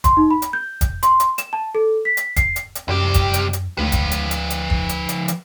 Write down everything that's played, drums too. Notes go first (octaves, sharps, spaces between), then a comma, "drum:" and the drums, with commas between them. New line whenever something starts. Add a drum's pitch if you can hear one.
C6, drum: kick, hi-hat
D#4
B5
drum: hi-hat
G6
drum: kick, hi-hat
C6, drum: hi-hat
drum: hi-hat
E7, drum: hi-hat
A5
A4
B6
drum: hi-hat
C7, drum: kick, hi-hat
drum: hi-hat
drum: hi-hat
C2 F#2 G4
drum: kick, hi-hat
drum: hi-hat
drum: hi-hat
D2 F3 B4
drum: kick, hi-hat
drum: hi-hat
drum: hi-hat
drum: hi-hat
drum: kick
drum: hi-hat
drum: hi-hat
drum: hi-hat